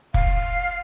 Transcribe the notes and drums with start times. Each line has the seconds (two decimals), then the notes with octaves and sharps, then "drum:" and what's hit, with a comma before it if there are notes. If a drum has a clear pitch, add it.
0.14 F5, drum: kick